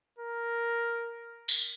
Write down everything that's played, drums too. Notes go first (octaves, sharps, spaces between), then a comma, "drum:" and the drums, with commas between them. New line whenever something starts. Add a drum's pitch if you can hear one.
A#4
drum: tambourine